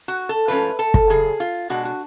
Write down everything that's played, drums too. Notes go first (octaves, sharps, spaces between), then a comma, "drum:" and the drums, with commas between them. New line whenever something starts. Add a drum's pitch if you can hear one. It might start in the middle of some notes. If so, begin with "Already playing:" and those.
F#4
A4
G#2 F3 A3 C#4 B4
A4
drum: kick
F#2 C#3 G#4
F4
B2 G#3 D4 F#4
F#4